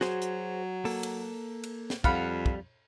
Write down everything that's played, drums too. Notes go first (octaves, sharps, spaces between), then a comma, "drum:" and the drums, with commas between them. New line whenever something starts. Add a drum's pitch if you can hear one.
F#3 F#4 G#4 C5, drum: snare
drum: hi-hat
A#3 A4, drum: open hi-hat
drum: cymbal
drum: cymbal
drum: snare
F2 G3 F4 F5 F#5 B5, drum: kick
drum: kick